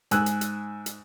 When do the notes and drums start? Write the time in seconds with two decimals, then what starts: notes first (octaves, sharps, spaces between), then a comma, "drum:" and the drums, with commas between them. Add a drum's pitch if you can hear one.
0.11 G#2 G#5 E6 F#6, drum: hi-hat
0.26 drum: hi-hat
0.41 drum: hi-hat
0.86 drum: hi-hat